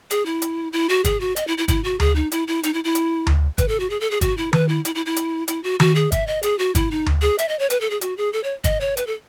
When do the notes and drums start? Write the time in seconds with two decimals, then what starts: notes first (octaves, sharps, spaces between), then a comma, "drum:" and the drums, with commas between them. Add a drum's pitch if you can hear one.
0.11 G#4, drum: hi-hat
0.26 E4
0.42 drum: hi-hat
0.73 E4
0.89 F#4
1.04 G#4, drum: kick, hi-hat
1.20 F#4
1.36 D#5, drum: hi-hat
1.48 E4
1.58 E4
1.68 E4, drum: kick, hi-hat
1.84 F#4
2.00 G#4, drum: tom D2
2.16 D#4
2.32 E4, drum: hi-hat
2.48 E4
2.63 D#4, drum: hi-hat
2.74 E4
2.84 E4
2.95 drum: hi-hat
3.27 drum: tom D2
3.58 B4, drum: kick, hi-hat
3.68 A4
3.80 F#4
3.90 G#4
4.00 A4
4.11 G#4
4.21 F#4, drum: kick, hi-hat
4.37 E4
4.53 B4, drum: tom D#3
4.69 E4
4.85 E4, drum: hi-hat
4.95 E4
5.06 E4
5.16 drum: hi-hat
5.48 E4, drum: hi-hat
5.64 F#4
5.80 F#4, drum: tom D#3
5.95 G#4
6.12 E5, drum: kick, hi-hat
6.27 D#5
6.43 G#4, drum: hi-hat
6.59 F#4
6.75 E4, drum: kick, hi-hat
6.91 D#4
7.06 drum: tom D2
7.22 G#4
7.38 E5, drum: hi-hat
7.48 D#5
7.59 C#5
7.70 B4, drum: hi-hat
7.81 A4
7.90 G#4
8.01 F#4, drum: hi-hat
8.17 G#4
8.33 A4
8.44 C#5
8.64 D#5, drum: kick, hi-hat
8.81 C#5
8.97 B4, drum: hi-hat
9.07 A4